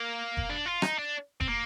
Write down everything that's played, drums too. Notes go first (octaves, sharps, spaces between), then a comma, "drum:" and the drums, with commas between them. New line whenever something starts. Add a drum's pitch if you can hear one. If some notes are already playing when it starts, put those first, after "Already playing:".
Already playing: A#3
drum: kick F1
D4
F4
D#4, drum: rim click
D4
C4, drum: kick F1
A#3